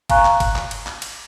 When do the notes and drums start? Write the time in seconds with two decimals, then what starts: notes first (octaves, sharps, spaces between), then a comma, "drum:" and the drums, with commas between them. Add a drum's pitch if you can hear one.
0.10 F5 G#5 A#5 C#6 F#6, drum: kick G1, cymbal
0.25 drum: clap
0.40 drum: kick G1, cymbal
0.56 drum: clap
0.71 drum: cymbal
0.87 drum: clap
1.02 drum: cymbal